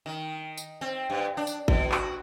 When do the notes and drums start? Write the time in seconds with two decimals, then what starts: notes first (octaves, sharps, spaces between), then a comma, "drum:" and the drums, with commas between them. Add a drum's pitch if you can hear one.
0.06 D#3
0.57 drum: tambourine
0.81 C4
1.10 G2
1.37 D4
1.47 drum: tambourine
1.68 B2, drum: kick G#1
1.92 F#4, drum: clap